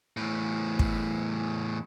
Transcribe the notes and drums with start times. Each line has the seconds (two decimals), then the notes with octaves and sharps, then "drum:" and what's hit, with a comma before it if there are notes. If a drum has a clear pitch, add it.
0.17 E2 A2
0.79 drum: kick